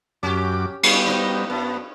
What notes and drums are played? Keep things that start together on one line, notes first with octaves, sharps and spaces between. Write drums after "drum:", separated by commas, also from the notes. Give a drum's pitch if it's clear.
F#2 C#4 G4 D6
G3 B3 C#4, drum: cymbal
D#4 A#4 C5
F#2 B3